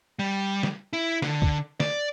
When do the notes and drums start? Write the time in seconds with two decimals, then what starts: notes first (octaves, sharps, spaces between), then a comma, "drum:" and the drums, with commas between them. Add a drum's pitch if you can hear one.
0.19 G3
0.63 drum: snare
0.93 E4
1.22 D3, drum: snare
1.42 drum: kick
1.80 D5, drum: snare